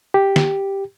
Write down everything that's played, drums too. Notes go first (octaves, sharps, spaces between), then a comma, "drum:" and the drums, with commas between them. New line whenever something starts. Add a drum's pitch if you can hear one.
G4
drum: snare